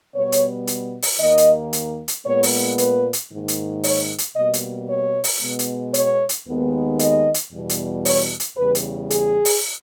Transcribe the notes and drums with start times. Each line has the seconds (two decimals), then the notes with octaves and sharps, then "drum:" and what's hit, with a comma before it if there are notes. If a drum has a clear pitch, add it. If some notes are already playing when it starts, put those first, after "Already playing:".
0.15 B2 G3 B3 C#5
0.32 drum: hi-hat
0.67 drum: hi-hat
1.02 drum: open hi-hat
1.20 D#2 D#3 A#3 D#5
1.38 drum: hi-hat
1.73 drum: hi-hat
2.08 drum: hi-hat
2.25 A#2 G#3 B3 C#5
2.43 drum: open hi-hat
2.78 B4, drum: hi-hat
3.13 drum: hi-hat
3.31 G#2 D#3 A#3
3.48 drum: hi-hat
3.84 C#5, drum: open hi-hat
4.18 drum: hi-hat
4.35 B2 G3 A#3 D#5
4.53 drum: hi-hat
4.89 C#5
5.24 drum: open hi-hat
5.41 B2 G#3 B3
5.59 drum: hi-hat
5.94 C#5, drum: hi-hat
6.29 drum: hi-hat
6.46 D#2 D#3 G#3 B3
6.99 D#5, drum: hi-hat
7.34 drum: hi-hat
7.52 E2 B2 G3
7.69 drum: hi-hat
8.05 C#5, drum: open hi-hat
8.40 drum: hi-hat
8.57 E2 C#3 G3 B4
8.75 drum: hi-hat
9.10 G#4, drum: hi-hat
9.45 drum: open hi-hat